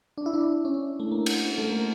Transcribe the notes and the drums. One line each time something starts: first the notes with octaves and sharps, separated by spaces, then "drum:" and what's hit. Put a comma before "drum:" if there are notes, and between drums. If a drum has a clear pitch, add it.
D4
E4
D4
C#4
A3
A#3
drum: cymbal
A3
A#3